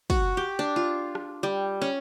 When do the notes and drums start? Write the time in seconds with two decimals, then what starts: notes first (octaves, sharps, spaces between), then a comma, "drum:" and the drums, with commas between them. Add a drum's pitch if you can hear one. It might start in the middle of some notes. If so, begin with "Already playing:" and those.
0.10 F#4, drum: kick, cymbal
0.37 G4
0.59 D4
0.76 F4
1.15 drum: rim click
1.43 G3
1.82 C#4